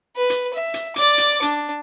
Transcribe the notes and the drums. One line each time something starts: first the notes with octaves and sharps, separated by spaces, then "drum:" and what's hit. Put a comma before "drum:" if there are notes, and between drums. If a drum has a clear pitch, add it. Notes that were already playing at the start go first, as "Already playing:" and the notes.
B4
drum: hi-hat
E5
drum: hi-hat
D5 D6, drum: hi-hat
drum: hi-hat
D4, drum: hi-hat